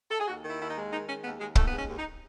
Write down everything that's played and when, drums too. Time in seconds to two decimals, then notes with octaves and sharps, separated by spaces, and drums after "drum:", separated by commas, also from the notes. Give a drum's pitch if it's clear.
0.11 A4
0.19 G#4
0.27 D#2 F#4
0.44 D#3 E4
0.60 D#2 E4
0.70 D#4
0.76 G#3
0.92 D#3 D#4
1.08 G#3 C#4
1.23 D#2 B3
1.39 D#2 G#3
1.55 D#2 A3, drum: kick
1.67 G#3 B3
1.77 C#4
1.88 D#2
1.98 D#4